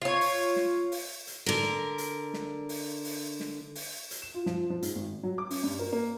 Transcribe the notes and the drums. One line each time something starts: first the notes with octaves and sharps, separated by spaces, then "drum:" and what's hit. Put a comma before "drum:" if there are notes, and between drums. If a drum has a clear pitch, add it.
F4 C#5
drum: open hi-hat
drum: snare
drum: open hi-hat
drum: hi-hat
D3 A#4
drum: snare
drum: hi-hat
drum: snare
drum: open hi-hat
drum: open hi-hat
drum: snare
drum: open hi-hat
drum: hi-hat
E7
F4
F3, drum: snare
F3
G#2, drum: hi-hat
G#1
F#3
D6
C#4, drum: open hi-hat
G2
A#4
A#3